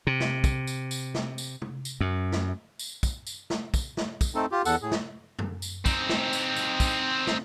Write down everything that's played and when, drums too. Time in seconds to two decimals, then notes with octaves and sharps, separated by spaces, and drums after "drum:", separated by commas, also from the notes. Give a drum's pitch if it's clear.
0.07 C3
0.20 drum: snare
0.44 drum: kick, tambourine
0.67 drum: tambourine
0.91 drum: tambourine
1.14 drum: snare
1.38 drum: tambourine
1.62 drum: tom
1.85 drum: tambourine
2.00 F#2
2.32 drum: snare
2.79 drum: tambourine
3.03 drum: kick, tambourine
3.27 drum: tambourine
3.50 drum: snare
3.74 drum: kick, tambourine
3.97 drum: snare
4.21 drum: kick, tambourine
4.35 A3 C4 D#4 A4
4.52 F4 G4
4.65 E2 A4 F#5, drum: tambourine
4.82 A2 G#4
4.91 drum: snare
5.39 drum: tom
5.62 drum: tambourine
5.86 C4 D#4, drum: kick, tambourine
6.09 drum: snare
6.33 drum: tambourine
6.56 drum: tambourine
6.80 drum: kick, tambourine
7.27 drum: snare